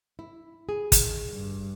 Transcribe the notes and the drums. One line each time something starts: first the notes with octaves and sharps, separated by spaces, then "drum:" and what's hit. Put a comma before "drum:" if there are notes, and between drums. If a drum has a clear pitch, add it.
E4
G#4
drum: kick, hi-hat
D#3
G2